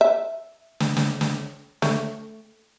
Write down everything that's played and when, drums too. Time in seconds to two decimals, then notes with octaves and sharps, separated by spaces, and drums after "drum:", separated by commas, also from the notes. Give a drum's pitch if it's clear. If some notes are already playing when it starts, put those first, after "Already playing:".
0.01 E5
0.80 drum: snare
0.97 drum: snare
1.21 drum: snare
1.82 A3, drum: snare